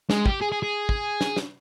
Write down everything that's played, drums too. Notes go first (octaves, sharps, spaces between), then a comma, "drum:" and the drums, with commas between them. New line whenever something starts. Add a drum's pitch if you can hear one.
G#3, drum: snare
G4, drum: kick
G#4
G#4
G#4
drum: kick
drum: snare
drum: snare